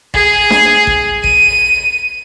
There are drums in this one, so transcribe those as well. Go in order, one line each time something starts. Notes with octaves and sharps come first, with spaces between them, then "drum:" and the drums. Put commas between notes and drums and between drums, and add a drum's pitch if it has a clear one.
G#4, drum: kick
drum: snare D4
drum: kick
D#7, drum: kick